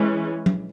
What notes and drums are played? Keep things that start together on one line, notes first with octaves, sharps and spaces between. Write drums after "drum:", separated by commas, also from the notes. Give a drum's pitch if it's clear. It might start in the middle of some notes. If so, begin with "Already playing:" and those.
Already playing: E3 G#3 C#4
drum: tom